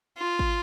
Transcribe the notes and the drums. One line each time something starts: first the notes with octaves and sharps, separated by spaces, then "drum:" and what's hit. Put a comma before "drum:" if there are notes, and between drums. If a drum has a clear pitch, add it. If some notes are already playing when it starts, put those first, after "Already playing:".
F4
drum: kick G#1